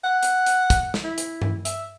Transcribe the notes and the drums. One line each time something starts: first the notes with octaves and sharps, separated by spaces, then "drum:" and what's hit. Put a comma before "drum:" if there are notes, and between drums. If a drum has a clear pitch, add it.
F#5
drum: hi-hat
drum: hi-hat
drum: kick, hi-hat
drum: snare
E4
drum: hi-hat
drum: tom G2
E5, drum: hi-hat